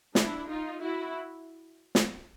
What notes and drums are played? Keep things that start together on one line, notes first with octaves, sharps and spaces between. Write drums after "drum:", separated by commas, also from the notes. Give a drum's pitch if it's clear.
D4 E4, drum: snare
D#4 F4
E4 F#4
drum: snare